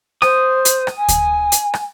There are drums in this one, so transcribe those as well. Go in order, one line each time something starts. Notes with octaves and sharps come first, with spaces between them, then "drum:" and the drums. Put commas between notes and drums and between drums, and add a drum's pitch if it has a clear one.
C5 D#6, drum: rim click
drum: hi-hat
drum: rim click
G#5
drum: kick D2, hi-hat
drum: hi-hat
drum: rim click